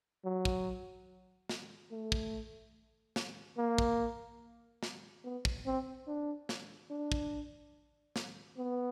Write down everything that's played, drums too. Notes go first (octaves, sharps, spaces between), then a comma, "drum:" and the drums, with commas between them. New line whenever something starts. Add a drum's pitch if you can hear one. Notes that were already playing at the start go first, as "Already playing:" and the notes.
F#3
drum: kick
drum: snare
A3
drum: kick
drum: snare
A#3
drum: kick
drum: snare
B3
drum: kick
C4
D4
drum: snare
D4
drum: kick
drum: snare
B3